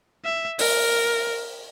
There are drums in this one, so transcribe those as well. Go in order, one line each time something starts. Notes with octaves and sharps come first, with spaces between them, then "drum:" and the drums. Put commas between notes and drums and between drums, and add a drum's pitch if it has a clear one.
E5
A#4, drum: open hi-hat